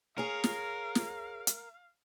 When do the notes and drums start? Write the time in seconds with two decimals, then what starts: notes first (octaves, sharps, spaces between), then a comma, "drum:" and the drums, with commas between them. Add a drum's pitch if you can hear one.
0.18 G#4 A#4 C#5 F5
0.44 drum: snare
0.95 drum: snare
1.47 drum: hi-hat